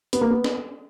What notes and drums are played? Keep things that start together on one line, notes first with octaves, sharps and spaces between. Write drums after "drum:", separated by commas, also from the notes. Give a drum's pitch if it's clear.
B3, drum: hi-hat
A#3
B3
drum: snare